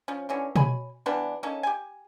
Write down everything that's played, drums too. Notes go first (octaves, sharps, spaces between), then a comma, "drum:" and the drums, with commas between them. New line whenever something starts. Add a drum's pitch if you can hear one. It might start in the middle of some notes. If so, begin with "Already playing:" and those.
F3 C#4
D3 E3 C#4
C#5 G#5 B5, drum: tom B2
E3 G3 B3 D4
A#3 C#4 D#4 A4
G4 G#5